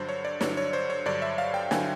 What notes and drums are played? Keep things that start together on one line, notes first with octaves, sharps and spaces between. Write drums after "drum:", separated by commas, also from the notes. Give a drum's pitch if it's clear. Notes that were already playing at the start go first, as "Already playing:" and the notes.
Already playing: G2 D3 F#3 C5
C#5
D5
G2 D3 F#3 C#5, drum: snare
C#5
C5
C#5
G2 D3 F#3 D5
E5
F5
G5
D3 F#3 G#5, drum: snare